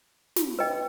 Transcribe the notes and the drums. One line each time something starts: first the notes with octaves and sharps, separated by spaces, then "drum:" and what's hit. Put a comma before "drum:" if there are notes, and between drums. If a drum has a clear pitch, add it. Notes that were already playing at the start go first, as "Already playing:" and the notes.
drum: snare
B4 D#5 G5